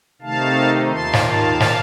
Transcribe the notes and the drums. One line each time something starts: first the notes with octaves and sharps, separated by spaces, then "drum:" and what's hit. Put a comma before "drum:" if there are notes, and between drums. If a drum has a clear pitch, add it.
C3 D#3 A3 D#4 F5 A5
D#2 D#3 A#3 F4 A5 C6
drum: snare
F5 A5
drum: snare